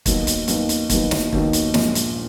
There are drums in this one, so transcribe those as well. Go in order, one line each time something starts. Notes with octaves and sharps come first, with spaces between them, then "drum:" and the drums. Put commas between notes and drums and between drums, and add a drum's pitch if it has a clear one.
D#2 D#3 F#3 B3, drum: kick, hi-hat
drum: hi-hat
D#2 D#3 F#3 B3, drum: hi-hat
drum: hi-hat
D#2 D#3 F#3 B3, drum: kick, hi-hat
drum: snare
D#2 D#3 F#3 B3, drum: kick
drum: hi-hat
A#1 A#2 G#3, drum: snare
drum: hi-hat